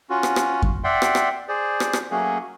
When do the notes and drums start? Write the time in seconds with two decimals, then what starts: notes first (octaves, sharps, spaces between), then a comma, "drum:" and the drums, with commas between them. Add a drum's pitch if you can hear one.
0.10 C#4 F4 F#4
0.23 drum: rim click
0.36 drum: rim click
0.62 drum: kick F#2
0.84 D5 E5 F#5 G5 C6
1.02 drum: rim click
1.15 drum: rim click
1.48 G#4 C5 D5
1.80 drum: rim click
1.93 drum: rim click
2.11 F#3 A3 A#3 C#4 F#4 G#4